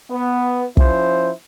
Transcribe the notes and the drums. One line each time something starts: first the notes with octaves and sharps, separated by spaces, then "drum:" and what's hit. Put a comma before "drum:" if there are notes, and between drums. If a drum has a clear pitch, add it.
B3
F3 C#4 E4 C5, drum: kick